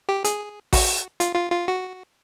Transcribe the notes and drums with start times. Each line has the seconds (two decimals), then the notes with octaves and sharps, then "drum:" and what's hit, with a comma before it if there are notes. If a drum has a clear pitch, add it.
0.09 G4
0.24 G#4, drum: hi-hat
0.73 F#4, drum: kick A1, open hi-hat
1.20 F4, drum: hi-hat
1.35 F4
1.52 F4
1.68 F#4